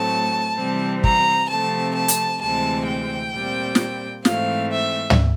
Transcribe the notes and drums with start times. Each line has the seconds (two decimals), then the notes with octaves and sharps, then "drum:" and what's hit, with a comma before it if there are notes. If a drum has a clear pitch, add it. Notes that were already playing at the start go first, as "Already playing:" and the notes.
Already playing: A2 F#3 A3 C4 A5
0.57 C3 E3 G3 C4
1.04 A#5, drum: kick
1.50 C3 F3 A3 C4 A5
1.96 A5
2.08 drum: hi-hat
2.42 D2 C3 E3 G#3 C4 A5
2.87 G5
3.34 A#2 G3 C4
3.75 drum: snare
4.25 G#2 E3 A3 C4 F5, drum: snare
4.71 E5
5.10 drum: tom